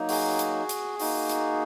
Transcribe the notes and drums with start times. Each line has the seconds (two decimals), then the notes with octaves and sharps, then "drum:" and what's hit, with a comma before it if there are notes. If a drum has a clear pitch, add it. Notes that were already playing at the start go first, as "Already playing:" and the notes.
Already playing: F#3 A#3 D#4
0.09 F#4 G#4, drum: open hi-hat
0.39 drum: hi-hat
0.69 drum: hi-hat
1.00 A#3 D#4 F#4, drum: open hi-hat
1.29 drum: hi-hat